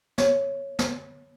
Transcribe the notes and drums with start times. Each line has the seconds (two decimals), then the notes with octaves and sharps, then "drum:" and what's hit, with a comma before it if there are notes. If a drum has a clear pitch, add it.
0.18 C#5, drum: snare
0.79 drum: snare